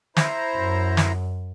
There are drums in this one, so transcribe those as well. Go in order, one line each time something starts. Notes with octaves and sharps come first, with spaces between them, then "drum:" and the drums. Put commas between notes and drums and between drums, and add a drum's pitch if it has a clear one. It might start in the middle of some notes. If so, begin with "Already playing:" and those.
E4 C5 A#5, drum: snare
F#2
drum: snare